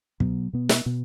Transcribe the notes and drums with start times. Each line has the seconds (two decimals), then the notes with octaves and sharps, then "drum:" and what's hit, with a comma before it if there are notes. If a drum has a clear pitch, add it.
0.20 B2 F#3 B3, drum: kick
0.53 B2 B3
0.69 drum: snare
0.86 B2 B3